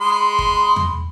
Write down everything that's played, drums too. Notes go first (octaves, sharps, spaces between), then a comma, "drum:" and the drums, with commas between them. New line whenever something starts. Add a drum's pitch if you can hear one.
G#3 B5 C6
drum: kick
drum: tom